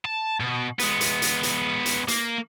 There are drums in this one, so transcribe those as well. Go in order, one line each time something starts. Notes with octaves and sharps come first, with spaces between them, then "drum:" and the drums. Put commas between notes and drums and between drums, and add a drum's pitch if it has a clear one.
A5
B2
G#3 B3, drum: hi-hat
drum: hi-hat
drum: hi-hat
drum: hi-hat
drum: hi-hat
A#3, drum: hi-hat